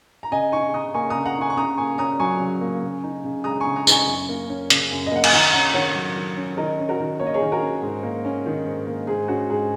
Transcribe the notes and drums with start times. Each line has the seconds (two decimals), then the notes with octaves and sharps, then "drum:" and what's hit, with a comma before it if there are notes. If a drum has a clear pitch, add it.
0.23 A#5
0.31 C#3 D#5 G#5
0.52 D#4 G#5 C#6
0.74 C#3 A#5 D#6
0.94 A#3 G#5 C#6
1.10 C#3 A#5 D#6
1.25 F#5 A#5
1.37 D#4 G#5 C#6
1.50 C#6
1.56 C#3 A#5 D#6
1.78 A#3 G#5 C#6
1.98 C#4 A#5 D#6
2.20 F#3 G#5 C#6
2.40 C#3
2.61 A#3
2.83 C#3
3.04 D#4
3.24 C#3
3.44 G#3 A#5 D#6
3.60 G#5 C#6
3.66 C#3
3.76 A#5 D#6
3.87 D#4 G#5 C#6, drum: tambourine
4.07 F#2
4.29 A#3
4.49 C#4
4.70 C#3, drum: hi-hat
4.91 F#2
5.06 D#5
5.11 A#3 F#5
5.24 G#5, drum: cymbal
5.32 D#3 F#5 A#5
5.53 C#4 F#5 A#5
5.74 D#3 C#5 F#5
5.95 F#3
6.16 D#3
6.37 C#4
6.57 D#3 A#4 D#5
6.79 C#4
6.89 F#4 A#4
7.00 D#3
7.20 A#3 C#5
7.27 D#5
7.34 G#4 C#5
7.41 D#3
7.52 F#4 A#4
7.61 C#4
7.82 G#2
8.03 A#3
8.25 C#4
8.46 D#3
8.66 G#2
8.86 A#3
9.07 G#2 G#4
9.28 C#4 F#4
9.49 G#2 G#4